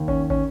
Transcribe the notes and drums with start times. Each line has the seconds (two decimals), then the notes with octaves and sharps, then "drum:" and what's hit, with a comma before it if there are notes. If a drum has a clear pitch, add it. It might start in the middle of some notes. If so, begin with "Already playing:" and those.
Already playing: D#2 D#3
0.08 C#4, drum: kick
0.30 C#4, drum: kick